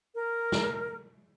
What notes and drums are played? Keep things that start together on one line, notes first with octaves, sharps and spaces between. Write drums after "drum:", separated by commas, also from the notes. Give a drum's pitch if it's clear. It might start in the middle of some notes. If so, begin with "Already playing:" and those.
A#4
drum: snare